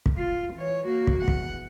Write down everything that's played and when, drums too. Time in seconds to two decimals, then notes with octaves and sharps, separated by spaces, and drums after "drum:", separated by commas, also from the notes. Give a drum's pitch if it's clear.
0.06 drum: kick
0.17 F4
0.54 E3 C#5
0.87 A#3 F#4
1.07 drum: kick
1.17 E2 F#5
1.28 drum: kick